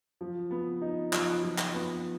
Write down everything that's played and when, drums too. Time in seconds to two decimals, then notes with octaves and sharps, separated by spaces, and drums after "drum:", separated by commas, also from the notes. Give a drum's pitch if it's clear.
0.21 F3
0.51 B3
0.82 D#4
1.13 F3, drum: clap
1.43 F3
1.58 drum: clap
1.74 B3